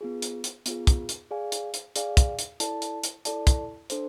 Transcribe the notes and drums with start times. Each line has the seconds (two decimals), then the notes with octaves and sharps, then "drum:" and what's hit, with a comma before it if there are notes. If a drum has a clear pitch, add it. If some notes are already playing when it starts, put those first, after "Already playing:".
0.01 B3 F4 G#4
0.22 drum: hi-hat
0.44 drum: hi-hat
0.66 B3 F4 G#4, drum: hi-hat
0.87 drum: kick, hi-hat
1.09 drum: hi-hat
1.31 G#4 D5 F5 G#5
1.52 drum: hi-hat
1.74 drum: hi-hat
1.96 G#4 D5 F5 G#5, drum: hi-hat
2.17 drum: kick, hi-hat
2.39 drum: hi-hat
2.60 E4 A4 D5 A5, drum: hi-hat
2.82 drum: hi-hat
3.04 drum: hi-hat
3.25 E4 A4 D5 A5, drum: hi-hat
3.47 drum: kick, hi-hat
3.90 D4 A4 C5, drum: hi-hat